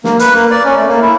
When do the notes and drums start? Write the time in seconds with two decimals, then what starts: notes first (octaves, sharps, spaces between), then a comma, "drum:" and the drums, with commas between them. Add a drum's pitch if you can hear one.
0.04 A#3, drum: snare
0.19 B4, drum: hi-hat
0.35 A#3
0.51 D5
0.65 C#4
0.76 A3
0.88 A#3
1.01 E4